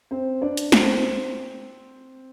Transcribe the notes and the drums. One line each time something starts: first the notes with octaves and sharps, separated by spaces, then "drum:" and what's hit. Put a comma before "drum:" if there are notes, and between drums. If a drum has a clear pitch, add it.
C4 C5
D4 D5
drum: hi-hat
C4 C5, drum: snare